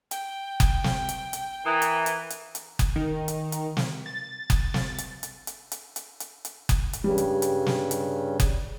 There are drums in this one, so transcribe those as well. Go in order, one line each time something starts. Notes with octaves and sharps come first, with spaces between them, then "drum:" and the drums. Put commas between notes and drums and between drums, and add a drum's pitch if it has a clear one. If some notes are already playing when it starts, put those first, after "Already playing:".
G5, drum: hi-hat
drum: kick F#1, hi-hat
drum: snare
drum: hi-hat
drum: hi-hat
E3 A#4 D#6 F#6
drum: hi-hat
drum: hi-hat
drum: hi-hat
drum: hi-hat
drum: kick F#1, hi-hat
D#3
drum: hi-hat
drum: hi-hat
drum: snare
A6
drum: kick F#1, hi-hat
drum: snare
drum: hi-hat
drum: hi-hat
drum: hi-hat
drum: hi-hat
drum: hi-hat
drum: hi-hat
drum: hi-hat
drum: kick F#1, hi-hat
drum: hi-hat
G2 C#3 G3
drum: hi-hat
drum: hi-hat
drum: snare
drum: hi-hat
drum: kick F#1, hi-hat